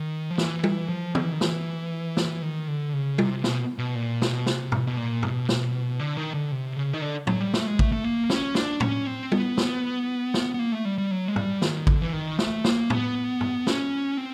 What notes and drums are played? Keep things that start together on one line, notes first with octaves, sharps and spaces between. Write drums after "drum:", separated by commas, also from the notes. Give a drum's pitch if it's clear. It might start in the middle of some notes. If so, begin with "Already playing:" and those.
Already playing: D#3
F3
E3, drum: snare
drum: tom G3
F3
F3, drum: tom
E3
D#3
E3, drum: snare
drum: snare
D#3
D3
C#3
C3, drum: tom G3
B2, drum: snare
B2
A#2
B2, drum: snare
C3, drum: snare
B2, drum: tom G#2
B2
A#2
B2, drum: tom G#2
drum: snare
D3
D#3
D3
C3
C#3
D#3
D3
F#3, drum: tom
G3
A3, drum: snare
G#3
A3, drum: kick
A3
A#3
C#4, drum: snare
D4, drum: snare
C#4, drum: tom
C4
B3, drum: tom G3
drum: snare
drum: snare
B3
A#3
A3
G3
G3
F#3
G#3
G3, drum: tom G#2
D#3, drum: snare
D3, drum: kick
E3
D#3
A3, drum: snare
A#3, drum: snare
B3, drum: tom
drum: tom G#2
C#4, drum: snare
C4